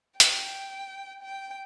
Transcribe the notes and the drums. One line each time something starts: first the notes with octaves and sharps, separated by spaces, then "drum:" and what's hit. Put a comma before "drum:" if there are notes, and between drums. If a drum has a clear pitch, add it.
G5, drum: hi-hat
G5